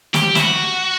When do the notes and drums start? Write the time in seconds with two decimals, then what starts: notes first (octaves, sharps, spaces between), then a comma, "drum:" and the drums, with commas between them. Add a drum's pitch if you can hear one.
0.14 G4, drum: snare
0.35 E4, drum: snare
0.39 F#4